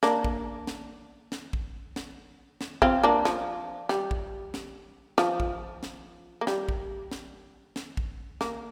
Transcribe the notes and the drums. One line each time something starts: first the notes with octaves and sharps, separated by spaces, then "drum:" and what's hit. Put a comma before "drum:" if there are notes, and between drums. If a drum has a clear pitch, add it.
A#3 D4, drum: snare
drum: kick
drum: snare
drum: snare
drum: kick
drum: snare
drum: snare
C4 F4, drum: kick
A#3 D4
F3, drum: snare
G3, drum: snare
drum: kick
drum: snare
F3, drum: snare
drum: kick
drum: snare
A#3
G3, drum: snare
drum: kick
drum: snare
drum: snare
drum: kick
A#3, drum: snare